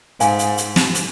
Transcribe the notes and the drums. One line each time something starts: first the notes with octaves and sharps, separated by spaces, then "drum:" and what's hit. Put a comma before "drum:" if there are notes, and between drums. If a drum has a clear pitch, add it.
G#2 C5 F5 G#5, drum: hi-hat
drum: hi-hat
drum: hi-hat
drum: snare
drum: hi-hat